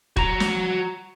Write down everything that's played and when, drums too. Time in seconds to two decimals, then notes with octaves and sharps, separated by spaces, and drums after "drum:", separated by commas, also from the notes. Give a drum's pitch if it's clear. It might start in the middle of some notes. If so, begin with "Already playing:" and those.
0.17 F#4 A#5, drum: kick
0.40 drum: snare